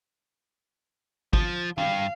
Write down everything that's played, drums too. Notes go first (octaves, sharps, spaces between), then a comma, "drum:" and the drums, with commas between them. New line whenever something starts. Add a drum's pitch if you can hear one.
F3, drum: kick
G2 F5, drum: tom E3